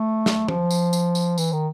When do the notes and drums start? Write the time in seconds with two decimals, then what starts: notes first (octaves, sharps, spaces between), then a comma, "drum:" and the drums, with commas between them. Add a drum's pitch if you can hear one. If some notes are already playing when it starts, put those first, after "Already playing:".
Already playing: A3
0.26 drum: snare
0.48 F3, drum: tom F3
0.71 drum: tambourine
0.93 drum: tambourine
1.15 drum: tambourine
1.38 E3, drum: tambourine
1.53 D#3